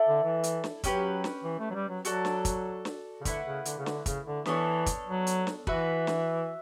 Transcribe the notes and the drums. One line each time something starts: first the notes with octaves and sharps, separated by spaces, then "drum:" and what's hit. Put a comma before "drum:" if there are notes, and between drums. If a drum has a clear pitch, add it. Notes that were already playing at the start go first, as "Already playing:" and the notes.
Already playing: E4 A4 D5
D3
E3
drum: hi-hat
drum: snare
F#3 C#4 G4 B4, drum: kick, hi-hat
drum: snare
E3
A3
F#3
G3
F#3
F#3 F#4 A4 D5, drum: hi-hat
drum: snare
drum: kick, hi-hat
drum: snare
C#3
D3 A3 E4 B4 F#5, drum: kick, hi-hat
C#3
D3, drum: hi-hat
C#3
D3, drum: snare
C#3, drum: kick, hi-hat
D3
E3 B3 D4 A4 C#5, drum: snare
drum: kick, hi-hat
F#3
drum: hi-hat
drum: snare
E3 F#4 B4 E5, drum: kick
drum: snare